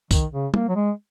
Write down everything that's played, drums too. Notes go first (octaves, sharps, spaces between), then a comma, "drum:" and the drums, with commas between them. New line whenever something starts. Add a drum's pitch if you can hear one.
D#3, drum: kick, tambourine
C#3
A#3, drum: tom
F#3
G#3